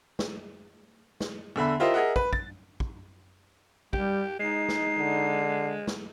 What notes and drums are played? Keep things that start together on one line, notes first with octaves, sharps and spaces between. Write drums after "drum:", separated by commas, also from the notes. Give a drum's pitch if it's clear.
drum: snare
drum: snare
E2 D3 E5 B5
E4 F4 G4 A#4 C5 D#5
G#4 A#4 D#5 E5 F#5
B4, drum: kick
A6, drum: kick
drum: kick
G3 G4, drum: kick
G#3 D#4 C7
drum: snare
D3
drum: snare